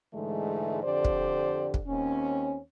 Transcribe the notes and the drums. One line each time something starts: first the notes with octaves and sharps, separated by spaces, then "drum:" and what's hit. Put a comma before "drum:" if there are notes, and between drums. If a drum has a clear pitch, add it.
G#2 D3 E3 G#3 A3
F2 D3 G4 C5 D5
drum: kick
drum: kick
D#2 C4 C#4